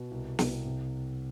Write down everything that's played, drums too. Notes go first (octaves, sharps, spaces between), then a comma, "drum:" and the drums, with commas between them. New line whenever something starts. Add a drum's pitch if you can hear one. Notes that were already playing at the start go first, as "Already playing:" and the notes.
Already playing: B2
C2
C2, drum: snare
C3